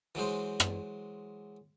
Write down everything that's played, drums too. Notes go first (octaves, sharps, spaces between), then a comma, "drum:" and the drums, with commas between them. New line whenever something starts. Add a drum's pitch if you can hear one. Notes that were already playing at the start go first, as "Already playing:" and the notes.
E3 F#3 G#3 C5
drum: rim click